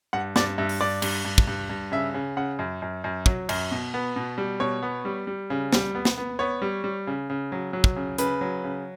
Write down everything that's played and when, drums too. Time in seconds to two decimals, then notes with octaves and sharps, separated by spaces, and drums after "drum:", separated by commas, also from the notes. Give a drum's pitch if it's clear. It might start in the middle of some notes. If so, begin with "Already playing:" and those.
0.13 G2 F#5
0.36 G2 D5, drum: snare
0.58 G2 E5
0.69 drum: open hi-hat
0.81 G2 D5
1.02 G2, drum: cymbal
1.25 G2
1.38 drum: kick
1.47 G2
1.70 G2
1.92 C#3 E5
2.14 C#3
2.37 C#3 F#5
2.59 F#2
2.82 F#2
3.04 F#2
3.26 F#3, drum: kick
3.49 F#2, drum: cymbal
3.71 B2
3.94 B3
4.16 B2
4.38 G3
4.60 B2 C#5
4.83 B3
5.05 G3
5.27 G3
5.50 C#3
5.73 G3, drum: snare
5.95 B3
6.05 drum: snare
6.18 B3
6.39 B3 C#5
6.62 G3
6.84 G3
7.07 C#3
7.30 C#3
7.52 F#3
7.73 F#3
7.84 drum: kick
7.96 C#3
8.18 C#3 B4, drum: hi-hat
8.41 F#3
8.64 C#3